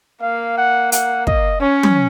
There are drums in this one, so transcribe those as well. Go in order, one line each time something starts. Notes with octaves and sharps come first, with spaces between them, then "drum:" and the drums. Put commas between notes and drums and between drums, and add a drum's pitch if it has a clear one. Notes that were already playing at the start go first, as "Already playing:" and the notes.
A#3 F5
F#5
F#5, drum: hi-hat
D#5, drum: kick
C#4 C#5
drum: tom F#3